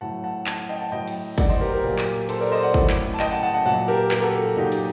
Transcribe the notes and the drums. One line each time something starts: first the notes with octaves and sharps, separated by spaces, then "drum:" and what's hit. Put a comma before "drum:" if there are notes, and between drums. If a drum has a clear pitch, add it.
A2 F#3 F#5 A5
F#5 A5
F#5 A5, drum: clap
D#5 G5
F#5 A5
A2 F#3 D#5 G5
drum: cymbal
D5 F#5, drum: kick, cymbal
C5 D#5
G4 A#4
G4 A#4
A#2 F#3
drum: clap
A4 C5, drum: cymbal
A#4 D5
C5 D#5
D5 F#5
A2 F#3, drum: kick
drum: clap
A5
D#5 G5, drum: clap
F#5 A5
F#5 A5
F#5 A5
A#2 F#3 F#5 A5
G4 A#4
G4 A#4, drum: clap
F#4 A4
F#4
A#2 F#3 D#4 G4
drum: cymbal